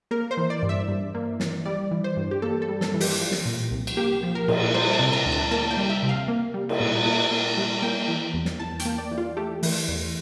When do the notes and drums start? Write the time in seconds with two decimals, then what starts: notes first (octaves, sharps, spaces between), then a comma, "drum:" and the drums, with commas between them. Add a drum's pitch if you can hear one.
0.11 A#3 A#4
0.31 C5
0.37 E3
0.50 D5
0.63 G2
0.69 E5
0.88 G2
1.15 A#3
1.40 E3, drum: snare
1.66 G3 D5
1.91 E3
2.04 C5
2.17 G2
2.31 G4
2.42 A#3 A4
2.62 A4
2.68 G3
2.81 A4, drum: snare
2.94 E3
3.00 G4, drum: open hi-hat
3.20 F3
3.31 drum: snare
3.45 A#2
3.71 C2
3.87 drum: cymbal
3.97 A#3 G4
4.23 F3
4.35 A#4
4.48 A#2, drum: cymbal
4.74 G3 C5
4.93 A5
4.99 C3
5.13 A#5
5.26 D2
5.32 A5
5.51 A#3 A5
5.71 G5
5.77 G3
5.89 E5
6.03 C3
6.09 F5
6.28 A#3
6.54 G3
6.69 drum: cymbal
6.80 A#2
7.05 A#2
7.31 A#3
7.57 G3
7.82 A#3 G5
8.08 E3
8.34 E2
8.45 drum: snare
8.59 E2 A5
8.79 G5, drum: hi-hat
8.85 A#3
8.98 D5
9.11 E3
9.18 F4
9.37 A3 G4
9.63 E3, drum: open hi-hat
9.88 E2